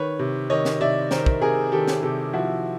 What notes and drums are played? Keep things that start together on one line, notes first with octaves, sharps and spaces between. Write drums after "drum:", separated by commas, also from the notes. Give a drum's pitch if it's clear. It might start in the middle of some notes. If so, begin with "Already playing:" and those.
Already playing: D#3 B4 C#5
C3
D#3 C#5 D#5
drum: snare
C3 D5 E5
D#3 A#4 C5, drum: snare
drum: kick
C3 G#4 A#4
D#3 G4 A4
drum: snare
C3 G4 A4
F3 E4 F#4